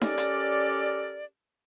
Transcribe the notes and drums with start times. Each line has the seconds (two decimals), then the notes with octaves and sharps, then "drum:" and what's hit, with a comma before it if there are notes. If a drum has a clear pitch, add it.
0.01 C#4 G4 A4 A#4 D5, drum: snare D#4
0.18 drum: hi-hat